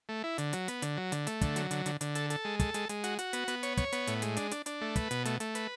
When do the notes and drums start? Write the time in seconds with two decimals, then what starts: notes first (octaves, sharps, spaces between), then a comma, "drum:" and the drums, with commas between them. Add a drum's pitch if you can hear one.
0.09 A3
0.24 E4
0.38 D3, drum: hi-hat
0.53 F#3, drum: hi-hat
0.68 B3, drum: hi-hat
0.82 D3, drum: hi-hat
0.97 F#3
1.12 D3, drum: hi-hat
1.27 A3, drum: hi-hat
1.41 D3, drum: kick, hi-hat
1.56 F#3, drum: hi-hat
1.71 D3, drum: hi-hat
1.86 D3, drum: hi-hat
2.01 D3, drum: hi-hat
2.15 A4, drum: hi-hat
2.30 A4, drum: hi-hat
2.45 G#3
2.60 A4, drum: kick, hi-hat
2.74 G#3, drum: hi-hat
2.89 G#3, drum: hi-hat
3.04 F#4, drum: hi-hat
3.19 F#4, drum: hi-hat
3.33 B3, drum: hi-hat
3.48 B3, drum: hi-hat
3.63 C#5, drum: hi-hat
3.77 C#5, drum: kick, hi-hat
3.93 B3, drum: hi-hat
4.07 A2, drum: hi-hat
4.22 G#3, drum: hi-hat
4.37 D4, drum: hi-hat
4.51 D4, drum: hi-hat
4.66 D4, drum: hi-hat
4.81 A3
4.96 B4, drum: kick, hi-hat
5.11 B2, drum: hi-hat
5.25 A3, drum: hi-hat
5.40 A3, drum: hi-hat
5.55 B4, drum: hi-hat